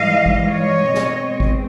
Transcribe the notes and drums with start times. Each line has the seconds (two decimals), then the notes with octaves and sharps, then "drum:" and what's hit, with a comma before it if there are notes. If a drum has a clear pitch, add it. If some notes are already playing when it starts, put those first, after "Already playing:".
Already playing: G#2 E3 G3 D#5 F5
0.26 drum: kick G#1
0.49 C#5 D#5
0.94 B2 G#3 C4, drum: snare G#4
1.40 drum: kick G#1